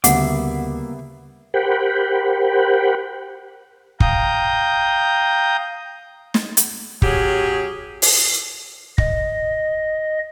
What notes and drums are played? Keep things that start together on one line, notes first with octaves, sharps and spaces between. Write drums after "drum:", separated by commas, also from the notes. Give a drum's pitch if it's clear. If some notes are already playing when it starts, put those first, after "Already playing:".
D2 C#3 G3 A#3 B3 E5 F#5 D6, drum: hi-hat
G4 A#4 C5 F#5 G5 B5
F5 G5 A#5 D#6 G6, drum: kick
drum: snare
drum: hi-hat
F#3 C#4 G4 G#4, drum: kick
drum: open hi-hat
D#5, drum: kick